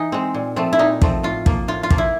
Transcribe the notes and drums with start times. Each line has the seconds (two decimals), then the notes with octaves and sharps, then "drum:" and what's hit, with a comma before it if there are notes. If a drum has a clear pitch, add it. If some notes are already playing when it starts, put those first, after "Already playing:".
Already playing: E3 D#4
0.12 G#3 C4
0.34 A#2
0.56 F3 A3 C4
0.73 E4
0.79 A#2 D#4
1.02 F3 A3 C4, drum: kick
1.23 A2 F4
1.46 F3 A#3, drum: kick
1.68 A2 F4
1.83 F4
1.90 F3 A#3, drum: kick
1.98 E4